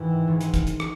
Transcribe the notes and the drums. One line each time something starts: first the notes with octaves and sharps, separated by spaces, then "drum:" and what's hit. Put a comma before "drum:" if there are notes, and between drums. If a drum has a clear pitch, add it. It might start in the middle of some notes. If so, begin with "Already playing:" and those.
Already playing: G#1 G#2 D#3 E3
G#1 G#2 D#3
drum: hi-hat
drum: kick, hi-hat
drum: hi-hat
drum: rim click